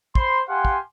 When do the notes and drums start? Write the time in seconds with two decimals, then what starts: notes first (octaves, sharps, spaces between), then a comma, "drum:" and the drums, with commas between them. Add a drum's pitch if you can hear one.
0.15 C5 B5 C6, drum: kick
0.49 G4 F5 F#5 G#5 C6
0.65 drum: kick